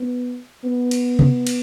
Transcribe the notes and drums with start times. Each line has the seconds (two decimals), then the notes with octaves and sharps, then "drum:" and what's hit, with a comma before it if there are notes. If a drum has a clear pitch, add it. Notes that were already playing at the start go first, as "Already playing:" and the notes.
Already playing: B3
0.64 B3
0.91 drum: cymbal
1.19 drum: tom C3
1.47 drum: cymbal